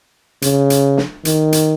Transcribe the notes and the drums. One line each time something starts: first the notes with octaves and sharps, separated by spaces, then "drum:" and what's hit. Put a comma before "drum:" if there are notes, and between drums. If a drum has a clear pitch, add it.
C#3, drum: hi-hat
drum: hi-hat
drum: snare
D#3, drum: hi-hat
drum: hi-hat